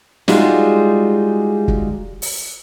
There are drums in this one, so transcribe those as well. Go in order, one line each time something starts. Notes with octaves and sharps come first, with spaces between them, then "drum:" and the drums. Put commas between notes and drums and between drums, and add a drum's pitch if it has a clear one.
G3 G#3 D#4 F4 F#4 G#4, drum: snare
drum: kick
drum: open hi-hat